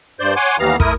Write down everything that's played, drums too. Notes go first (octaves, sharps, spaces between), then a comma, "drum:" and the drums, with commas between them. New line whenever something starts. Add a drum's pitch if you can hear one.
G2 C5 D5 G6
C#5 F#5 G#5 C6 D6
D#2 E3 G3 B3 F5 A#5
A3 E4 A#4 D#6, drum: kick